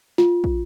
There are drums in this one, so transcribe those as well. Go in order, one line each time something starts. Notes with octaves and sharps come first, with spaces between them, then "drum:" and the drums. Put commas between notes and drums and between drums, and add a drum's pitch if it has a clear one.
F4, drum: snare
drum: kick